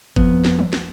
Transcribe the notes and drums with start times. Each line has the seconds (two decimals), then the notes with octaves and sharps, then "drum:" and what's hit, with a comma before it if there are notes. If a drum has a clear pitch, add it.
0.16 F2 B3, drum: kick G1
0.45 drum: snare
0.59 drum: tom
0.73 drum: snare